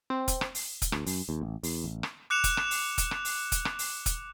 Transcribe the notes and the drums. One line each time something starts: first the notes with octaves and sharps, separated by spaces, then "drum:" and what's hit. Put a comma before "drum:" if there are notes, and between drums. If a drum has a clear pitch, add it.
C4
drum: kick, hi-hat
drum: rim click
drum: open hi-hat
drum: kick, hi-hat
D2, drum: rim click
F#2, drum: open hi-hat
D#2
A1
E2, drum: open hi-hat
A1
drum: rim click
D6 F#6 C#7 E7 F7
drum: kick, hi-hat
drum: rim click
drum: open hi-hat
drum: kick, hi-hat
drum: rim click
drum: open hi-hat
drum: kick, hi-hat
drum: rim click
drum: open hi-hat
drum: kick, hi-hat